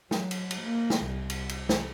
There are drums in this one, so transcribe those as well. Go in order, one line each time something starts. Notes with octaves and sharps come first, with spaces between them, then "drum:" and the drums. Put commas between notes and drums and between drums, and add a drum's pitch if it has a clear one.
F#3, drum: snare
drum: cymbal
drum: cymbal
A#3
drum: snare
C2
drum: cymbal
drum: cymbal
drum: snare